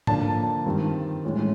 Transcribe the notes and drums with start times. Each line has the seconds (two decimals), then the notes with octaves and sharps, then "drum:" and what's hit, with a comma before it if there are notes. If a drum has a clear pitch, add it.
0.07 D3 F3 A#3 D4 A5, drum: tom G#2
0.66 G2 D#3 G3 C4
1.24 A2 E3 G#3 C#4